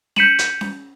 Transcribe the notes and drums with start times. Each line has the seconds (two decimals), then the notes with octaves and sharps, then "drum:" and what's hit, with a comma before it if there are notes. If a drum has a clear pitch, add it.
0.16 G6 B6 C#7 D#7 E7 F#7, drum: snare C#4
0.39 drum: hi-hat
0.61 drum: snare C#4